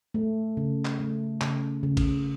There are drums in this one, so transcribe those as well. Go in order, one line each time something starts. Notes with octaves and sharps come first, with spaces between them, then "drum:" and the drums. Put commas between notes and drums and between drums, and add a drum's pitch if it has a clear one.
A3
C#3
drum: clap
A3
C#3, drum: clap
C#3
drum: kick A1, cymbal